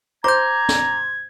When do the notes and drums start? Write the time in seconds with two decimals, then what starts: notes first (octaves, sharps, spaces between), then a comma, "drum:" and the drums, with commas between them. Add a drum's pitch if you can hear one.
0.24 C5 A#5 D6 G6 G#6
0.69 drum: snare